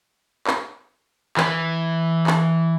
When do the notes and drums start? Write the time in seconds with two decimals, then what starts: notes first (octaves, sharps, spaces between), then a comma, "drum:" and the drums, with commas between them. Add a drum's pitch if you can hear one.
0.47 drum: clap
1.37 E3, drum: clap
2.27 drum: clap